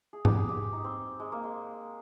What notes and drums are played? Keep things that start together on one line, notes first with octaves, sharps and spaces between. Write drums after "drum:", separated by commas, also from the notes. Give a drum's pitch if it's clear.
G#4
G4, drum: tom G#2
G#4
G4
D#4
C4
G#3
A#3
G#3